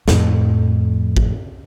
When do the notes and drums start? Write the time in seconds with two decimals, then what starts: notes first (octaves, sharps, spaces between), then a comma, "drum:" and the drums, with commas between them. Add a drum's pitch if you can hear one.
0.08 F2 A2, drum: snare
1.17 drum: kick G#1